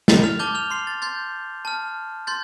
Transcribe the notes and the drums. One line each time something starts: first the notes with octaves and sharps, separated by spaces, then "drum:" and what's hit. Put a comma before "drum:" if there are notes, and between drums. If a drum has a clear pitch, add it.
A6, drum: snare
F6 F7
A5 D6 F6 G6 G7
F6 F7
C6 C7
A6
C6 G6 A6
A5 F6
C6 G6 A6